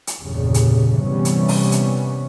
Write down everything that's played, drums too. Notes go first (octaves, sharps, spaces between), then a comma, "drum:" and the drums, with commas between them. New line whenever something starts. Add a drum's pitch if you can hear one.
drum: hi-hat
G1 E2 G2 A#2 C#3 G3
drum: hi-hat
C3 E3 G3 B3 C#4
drum: hi-hat
drum: open hi-hat
drum: hi-hat